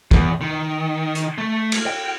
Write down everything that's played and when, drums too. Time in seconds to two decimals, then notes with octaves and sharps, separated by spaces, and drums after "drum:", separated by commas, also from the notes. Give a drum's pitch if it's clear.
0.11 E2, drum: kick
0.41 D#3
1.15 drum: hi-hat
1.38 A3
1.72 drum: cymbal
1.86 G5